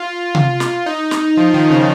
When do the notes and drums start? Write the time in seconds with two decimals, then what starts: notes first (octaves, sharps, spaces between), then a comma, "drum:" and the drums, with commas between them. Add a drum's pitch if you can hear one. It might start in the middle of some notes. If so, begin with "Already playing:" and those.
Already playing: F4
0.35 drum: tom C3
0.60 drum: snare
0.86 D#4
1.11 drum: snare
1.37 F3
1.54 D#3
1.70 C#3